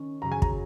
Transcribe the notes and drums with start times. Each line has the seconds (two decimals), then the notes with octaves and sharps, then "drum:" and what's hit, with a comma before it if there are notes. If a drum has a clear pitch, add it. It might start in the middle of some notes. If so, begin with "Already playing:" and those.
Already playing: D#3 C#4
0.22 F#2 C#3 F#3 A#5
0.32 G#5
0.42 A#5, drum: kick